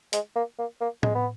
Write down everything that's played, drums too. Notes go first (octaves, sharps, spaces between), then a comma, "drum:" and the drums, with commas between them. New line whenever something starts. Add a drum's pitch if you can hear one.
G#3, drum: hi-hat
A#3
A#3
A#3
G#3, drum: tom A2
B3